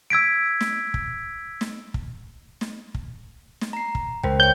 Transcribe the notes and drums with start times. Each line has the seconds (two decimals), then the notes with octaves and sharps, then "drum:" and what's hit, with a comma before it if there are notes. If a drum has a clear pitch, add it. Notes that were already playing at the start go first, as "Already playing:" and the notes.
0.10 E6 G#6 B6 D7
0.61 drum: snare
0.94 drum: kick
1.61 drum: snare
1.94 drum: kick
2.61 drum: snare
2.95 drum: kick
3.61 drum: snare
3.73 A#5 C7
3.95 drum: kick
4.24 C#2 C#3 A#4 C5 G5
4.40 C#5 G5 G6